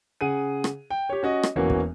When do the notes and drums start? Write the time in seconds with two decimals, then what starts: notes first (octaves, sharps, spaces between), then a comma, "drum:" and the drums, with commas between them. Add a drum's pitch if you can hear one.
0.21 C#3 G#4 F#5 D#7
0.64 drum: rim click
0.90 G5
1.09 G4 C#5
1.23 C#4 F#4 D#5
1.43 drum: rim click
1.56 E1 E3 A#3 C#4 F#4
1.70 drum: kick